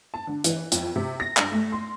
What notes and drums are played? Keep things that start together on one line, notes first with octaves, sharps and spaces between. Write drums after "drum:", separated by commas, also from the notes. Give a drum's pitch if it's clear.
A5
D3
E3, drum: hi-hat
F2, drum: hi-hat
C3
A#6
G2, drum: clap
A3
C6